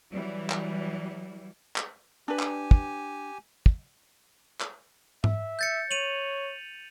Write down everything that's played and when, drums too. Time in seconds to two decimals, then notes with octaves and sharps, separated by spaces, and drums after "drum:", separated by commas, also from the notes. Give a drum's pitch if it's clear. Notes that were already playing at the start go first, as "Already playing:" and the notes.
0.12 E3 F#3 G3
0.50 drum: clap
1.76 drum: clap
2.28 D4 G4 B4 G#5
2.40 drum: clap
2.71 drum: kick
3.66 drum: kick
4.61 drum: clap
5.24 E5, drum: tom G#2
5.59 G6 A6 C#7
5.91 C#5 D#7 F7 F#7